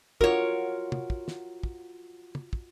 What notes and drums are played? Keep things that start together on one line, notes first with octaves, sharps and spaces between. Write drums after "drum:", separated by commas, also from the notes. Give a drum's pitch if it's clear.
F4 F#4 A#4 C#5, drum: kick
drum: tom
drum: kick
drum: snare
drum: kick
drum: tom
drum: kick